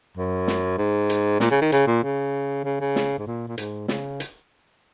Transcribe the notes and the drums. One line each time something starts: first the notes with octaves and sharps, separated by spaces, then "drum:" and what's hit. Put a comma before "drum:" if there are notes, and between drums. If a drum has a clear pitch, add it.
F#2
drum: snare
G#2
drum: hi-hat
A#2, drum: snare
C#3
D#3
C#3, drum: hi-hat
A#2
C#3
C#3
C#3
drum: snare
G#2
A#2
A#2
G#2, drum: hi-hat
C#3, drum: snare
drum: hi-hat